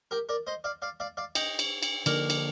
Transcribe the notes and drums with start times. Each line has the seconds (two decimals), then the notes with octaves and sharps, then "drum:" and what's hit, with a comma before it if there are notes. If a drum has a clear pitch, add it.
0.11 G4 A#4
0.29 A#4 D5
0.47 C5 D#5
0.64 D5 F5
0.82 D5 F5
1.00 D5 F5
1.17 D5 F5
1.35 D#5 G5, drum: cymbal
1.59 drum: cymbal
1.83 drum: cymbal
2.06 D3 F3 A#3 D#4 A4 A#4 D5, drum: cymbal
2.30 drum: cymbal